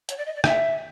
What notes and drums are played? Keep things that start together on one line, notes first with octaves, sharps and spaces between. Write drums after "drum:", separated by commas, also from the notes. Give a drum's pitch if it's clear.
C#5, drum: hi-hat
D5
D#5
D5
E5, drum: rim click